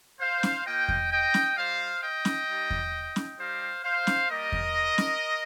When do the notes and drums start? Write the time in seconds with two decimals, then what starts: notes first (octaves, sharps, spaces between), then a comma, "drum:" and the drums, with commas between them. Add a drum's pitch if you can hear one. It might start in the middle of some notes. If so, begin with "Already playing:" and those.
0.20 C5 F5
0.43 drum: snare
0.66 A#3 F4 D#5 G5
0.89 drum: kick E2
1.11 D#5 G5
1.34 drum: snare
1.57 G3 D#4 G4 C5 F5
2.02 D#5 G5
2.25 drum: snare
2.48 G3 D#4 G4
2.70 drum: kick E2
3.16 drum: snare
3.38 G3 D#4 G4 C5 F5
3.84 C5 F5
4.07 drum: snare
4.29 G3 A#3 G4 A#4 D#5
4.52 drum: kick E2
4.98 drum: snare